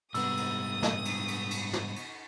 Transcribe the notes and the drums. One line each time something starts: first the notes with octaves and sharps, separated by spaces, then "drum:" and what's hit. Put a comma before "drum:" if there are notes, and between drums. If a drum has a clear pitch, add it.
G#2 C3 G3 B3 D#6 E6, drum: cymbal
drum: cymbal
drum: snare
drum: cymbal
drum: cymbal
drum: cymbal
drum: snare
drum: cymbal